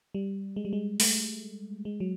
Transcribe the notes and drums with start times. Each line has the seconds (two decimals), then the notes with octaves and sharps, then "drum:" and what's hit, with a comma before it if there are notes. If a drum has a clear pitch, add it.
0.15 G3
0.56 G#3
0.65 G3
0.73 G#3
1.00 A3, drum: open hi-hat
1.85 G#3
2.00 F#3